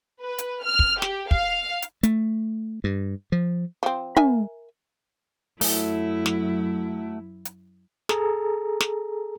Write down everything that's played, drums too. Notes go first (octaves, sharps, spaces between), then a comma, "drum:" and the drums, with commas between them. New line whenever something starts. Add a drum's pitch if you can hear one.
B4
drum: hi-hat
F6
drum: kick
G4, drum: snare
F5, drum: kick
drum: hi-hat
A3, drum: hi-hat
G2
F3
F3 C4
A#4 E5 G#5, drum: tom
F#2 F#3 A3 E4, drum: open hi-hat
drum: snare
drum: hi-hat
G#4 A4 A#5, drum: snare
drum: snare